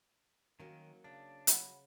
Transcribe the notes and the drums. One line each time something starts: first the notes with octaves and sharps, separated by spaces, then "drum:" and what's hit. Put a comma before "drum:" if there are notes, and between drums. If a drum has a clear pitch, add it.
D#3 F#3 A#3 C#4
C#3 D4
F#3 F#5 B5, drum: hi-hat